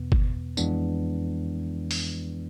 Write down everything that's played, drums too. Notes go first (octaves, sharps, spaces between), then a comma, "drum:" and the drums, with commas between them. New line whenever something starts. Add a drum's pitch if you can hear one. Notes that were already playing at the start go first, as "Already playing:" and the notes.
Already playing: E2 B2 B3
drum: kick G1
F2 E3 G#3 B3 D4, drum: tambourine
drum: open hi-hat